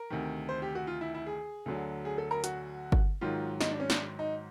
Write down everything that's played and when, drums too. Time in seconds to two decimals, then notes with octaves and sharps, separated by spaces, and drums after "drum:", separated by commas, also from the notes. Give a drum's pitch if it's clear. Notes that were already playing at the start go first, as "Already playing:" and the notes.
Already playing: A#4
0.10 D2 C3 D#3
0.49 C5
0.62 G4
0.75 F#4
0.87 F4
1.01 E4
1.14 E4
1.27 G#4
1.66 D2 D3 F#3
2.05 G#4
2.18 A4
2.31 A#4
2.44 F#4, drum: hi-hat
2.92 drum: kick G1
3.21 G#2 D#3 F#3 F4
3.61 D#4, drum: snare
3.71 D4
3.80 C#4
3.90 D4, drum: snare
4.19 D#4